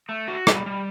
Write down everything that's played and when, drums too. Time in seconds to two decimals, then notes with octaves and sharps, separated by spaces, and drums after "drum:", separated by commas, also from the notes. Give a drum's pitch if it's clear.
0.09 A3
0.28 F#4
0.47 G3, drum: rim click
0.66 G3